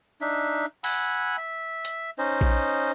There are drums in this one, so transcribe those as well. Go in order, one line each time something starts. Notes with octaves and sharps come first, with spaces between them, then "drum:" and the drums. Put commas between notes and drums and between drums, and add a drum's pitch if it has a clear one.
D4 D#4 E5
F#5 G#5 B5 E6, drum: open hi-hat
E5
drum: hi-hat
C#4 D#4 C5 D#5
drum: kick A#1